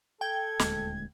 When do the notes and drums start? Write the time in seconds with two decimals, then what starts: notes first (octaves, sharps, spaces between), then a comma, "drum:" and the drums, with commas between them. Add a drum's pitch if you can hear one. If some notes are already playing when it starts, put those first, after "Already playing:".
0.21 A4 G5 G#6
0.59 D#1 D2 G#3, drum: snare